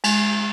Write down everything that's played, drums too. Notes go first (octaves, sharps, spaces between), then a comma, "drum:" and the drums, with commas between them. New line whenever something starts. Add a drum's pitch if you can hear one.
G#3, drum: cymbal